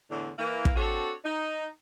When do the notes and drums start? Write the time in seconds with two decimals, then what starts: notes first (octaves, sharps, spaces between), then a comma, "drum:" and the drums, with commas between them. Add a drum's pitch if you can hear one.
0.10 E2 A2 D3
0.39 E3 A#3
0.65 drum: kick
0.76 C4 D4 F#4 A4 C#5
1.25 D#4